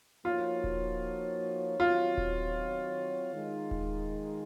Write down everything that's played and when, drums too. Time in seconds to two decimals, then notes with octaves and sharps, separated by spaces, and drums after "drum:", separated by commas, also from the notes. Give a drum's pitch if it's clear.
0.25 F3 A#3 D#4 F4 F#4 C#5
0.64 drum: kick D#1
1.80 D#3 F#3 C4 F4 F#4 C#5
2.18 drum: kick D#1
3.32 D#3 G#3 D#4
3.71 drum: kick D#1